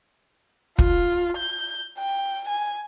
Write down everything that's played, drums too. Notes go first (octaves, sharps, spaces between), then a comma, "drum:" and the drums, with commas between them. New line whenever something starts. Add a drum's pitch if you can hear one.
F4, drum: kick
G6
G5
G#5